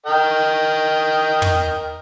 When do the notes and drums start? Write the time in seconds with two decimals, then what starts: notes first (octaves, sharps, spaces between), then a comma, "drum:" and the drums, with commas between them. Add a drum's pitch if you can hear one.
0.06 A#4 D#5 G5
1.42 drum: tom